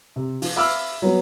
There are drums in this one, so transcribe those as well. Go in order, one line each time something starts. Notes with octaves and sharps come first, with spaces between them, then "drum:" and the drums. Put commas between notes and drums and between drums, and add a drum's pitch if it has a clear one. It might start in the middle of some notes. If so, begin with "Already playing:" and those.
C3
F3, drum: open hi-hat
E5 F5 B5 D6 E6 F6
F#3 B3